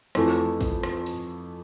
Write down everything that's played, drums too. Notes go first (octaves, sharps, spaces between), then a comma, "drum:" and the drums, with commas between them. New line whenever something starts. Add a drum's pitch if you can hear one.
F2 E3 A3, drum: rim click
drum: kick, open hi-hat
drum: rim click
drum: open hi-hat